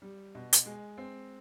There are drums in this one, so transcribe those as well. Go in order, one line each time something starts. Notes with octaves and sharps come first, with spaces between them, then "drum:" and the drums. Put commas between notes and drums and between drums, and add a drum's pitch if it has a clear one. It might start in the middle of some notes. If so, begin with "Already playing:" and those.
G3
B2
drum: hi-hat
G#3
C4